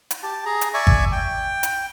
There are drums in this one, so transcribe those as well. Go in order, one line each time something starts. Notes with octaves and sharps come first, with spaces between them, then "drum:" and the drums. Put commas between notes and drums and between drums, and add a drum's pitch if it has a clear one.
drum: hi-hat
G4 A5
G#4 A#5
drum: hi-hat
D5 E5 G#5 C#6
drum: kick G#1
G5
drum: hi-hat